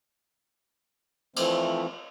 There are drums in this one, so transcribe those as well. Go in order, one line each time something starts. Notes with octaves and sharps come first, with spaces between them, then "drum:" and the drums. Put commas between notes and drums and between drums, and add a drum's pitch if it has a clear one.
E3 F3 A3 C4, drum: cymbal